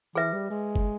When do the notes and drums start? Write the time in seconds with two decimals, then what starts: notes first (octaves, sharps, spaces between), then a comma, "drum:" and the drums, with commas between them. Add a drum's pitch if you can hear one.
0.15 E3 G#4 B4 E5
0.33 G3
0.50 G#3
0.76 drum: kick